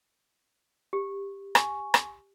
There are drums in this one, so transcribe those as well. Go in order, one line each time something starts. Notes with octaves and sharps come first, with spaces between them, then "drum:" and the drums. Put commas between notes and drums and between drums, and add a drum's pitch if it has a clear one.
G4
G#5 C#6, drum: rim click
drum: rim click